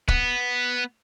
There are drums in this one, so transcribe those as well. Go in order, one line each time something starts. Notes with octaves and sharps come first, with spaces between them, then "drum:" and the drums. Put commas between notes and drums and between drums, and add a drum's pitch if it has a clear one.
B3, drum: kick